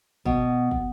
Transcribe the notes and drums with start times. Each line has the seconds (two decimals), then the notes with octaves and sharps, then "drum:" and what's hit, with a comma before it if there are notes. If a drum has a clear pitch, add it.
0.25 B2, drum: kick
0.71 drum: kick